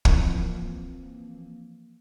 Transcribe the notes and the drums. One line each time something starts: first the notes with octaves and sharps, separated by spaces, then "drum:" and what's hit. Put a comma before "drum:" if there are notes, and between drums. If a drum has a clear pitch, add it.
E3 F3 A#3 C4, drum: kick